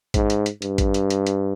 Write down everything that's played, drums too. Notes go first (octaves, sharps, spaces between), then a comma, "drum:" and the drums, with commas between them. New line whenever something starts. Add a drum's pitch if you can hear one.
G#2, drum: kick A1, hi-hat
drum: hi-hat
drum: hi-hat
G2, drum: hi-hat
drum: kick A1, hi-hat
drum: hi-hat
drum: hi-hat
drum: hi-hat